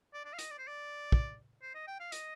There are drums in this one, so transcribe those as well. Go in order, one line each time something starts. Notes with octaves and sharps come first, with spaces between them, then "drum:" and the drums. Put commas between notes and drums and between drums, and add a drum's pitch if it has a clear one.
D5
D5
F5
D#5, drum: hi-hat
D5
C5
D5
drum: kick
C5
D#5
G5
F5
D#5, drum: hi-hat